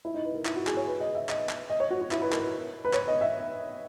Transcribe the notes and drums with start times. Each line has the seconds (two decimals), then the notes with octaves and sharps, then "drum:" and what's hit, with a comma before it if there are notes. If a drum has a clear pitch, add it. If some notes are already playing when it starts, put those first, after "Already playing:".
0.05 E4
0.14 D#4
0.25 B4
0.35 A#4
0.45 E4, drum: clap
0.56 F#4
0.67 G#4, drum: clap
0.77 C#5
0.87 B4
1.00 D#5
1.15 E5
1.29 D#5, drum: clap
1.49 drum: clap
1.70 D#5
1.80 C#5
1.90 F#4
2.01 F#4
2.11 E4, drum: clap
2.22 B4
2.32 A#4, drum: clap
2.42 B4
2.85 B4
2.93 C#5, drum: clap
3.08 D#5
3.21 E5